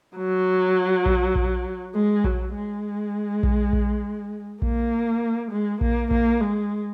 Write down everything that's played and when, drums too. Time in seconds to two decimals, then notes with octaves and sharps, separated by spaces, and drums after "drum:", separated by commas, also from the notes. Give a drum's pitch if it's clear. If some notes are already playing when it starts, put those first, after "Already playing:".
0.17 F#3
1.06 drum: kick A#1
1.36 drum: kick A#1
1.95 G#3
2.24 F#3, drum: kick A#1
2.55 G#3
3.43 drum: kick A#1
3.73 drum: kick A#1
4.62 A#3, drum: kick A#1
5.51 G#3
5.81 A#3, drum: kick A#1
6.11 A#3, drum: kick A#1
6.41 G#3